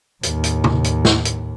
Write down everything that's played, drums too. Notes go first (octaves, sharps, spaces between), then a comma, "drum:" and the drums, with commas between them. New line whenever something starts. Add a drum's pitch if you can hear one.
D#2 A2, drum: hi-hat
drum: hi-hat
drum: tom C3
drum: hi-hat
drum: snare
drum: hi-hat